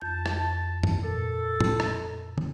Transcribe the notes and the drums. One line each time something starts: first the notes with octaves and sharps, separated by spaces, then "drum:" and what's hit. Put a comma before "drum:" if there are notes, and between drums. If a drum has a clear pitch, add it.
F2 A5 G6
drum: rim click
drum: tom G2
A#2 A4
drum: tom
drum: rim click
drum: tom